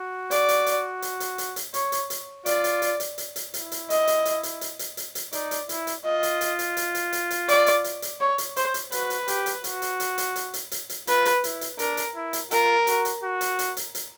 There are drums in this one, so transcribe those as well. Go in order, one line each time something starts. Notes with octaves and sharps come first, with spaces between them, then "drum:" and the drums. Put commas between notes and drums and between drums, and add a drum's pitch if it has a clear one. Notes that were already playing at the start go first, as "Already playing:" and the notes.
Already playing: F#4
D5, drum: hi-hat
drum: hi-hat
drum: hi-hat
drum: hi-hat
drum: hi-hat
drum: hi-hat
drum: hi-hat
C#5, drum: hi-hat
drum: hi-hat
drum: hi-hat
F4 D5, drum: hi-hat
drum: hi-hat
drum: hi-hat
drum: hi-hat
drum: hi-hat
drum: hi-hat
E4, drum: hi-hat
drum: hi-hat
D#5, drum: hi-hat
drum: hi-hat
drum: hi-hat
drum: hi-hat
drum: hi-hat
drum: hi-hat
drum: hi-hat
drum: hi-hat
D#4 D5, drum: hi-hat
drum: hi-hat
E4, drum: hi-hat
drum: hi-hat
F4 D#5
drum: hi-hat
drum: hi-hat
drum: hi-hat
drum: hi-hat
drum: hi-hat
drum: hi-hat
drum: hi-hat
D5, drum: hi-hat
drum: hi-hat
drum: hi-hat
drum: hi-hat
C#5
drum: hi-hat
C5, drum: hi-hat
drum: hi-hat
F#4 B4, drum: hi-hat
drum: hi-hat
G4, drum: hi-hat
drum: hi-hat
F#4, drum: hi-hat
drum: hi-hat
drum: hi-hat
drum: hi-hat
drum: hi-hat
drum: hi-hat
drum: hi-hat
drum: hi-hat
F4 B4, drum: hi-hat
drum: hi-hat
E4, drum: hi-hat
drum: hi-hat
D4 A#4, drum: hi-hat
drum: hi-hat
E4
drum: hi-hat
F4 A#4, drum: hi-hat
F#4, drum: hi-hat
drum: hi-hat
F#4
drum: hi-hat
drum: hi-hat
drum: hi-hat
drum: hi-hat